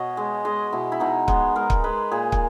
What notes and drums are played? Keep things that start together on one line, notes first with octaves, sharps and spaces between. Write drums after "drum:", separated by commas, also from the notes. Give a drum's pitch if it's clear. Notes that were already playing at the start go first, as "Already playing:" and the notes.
Already playing: B2 C#5 D#5
G#3
G#3 D#5
B2 E4
E4
B2 D#4
G#3 B3, drum: kick
G#3 A#4
drum: kick
G#3 B4
A#2 G#4
drum: kick